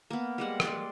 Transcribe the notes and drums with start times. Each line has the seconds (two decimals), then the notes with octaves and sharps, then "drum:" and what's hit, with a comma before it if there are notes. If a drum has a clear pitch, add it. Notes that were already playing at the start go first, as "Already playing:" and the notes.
0.10 A#3 B3
0.38 G3 G#3 F#5
0.60 D5 C6, drum: rim click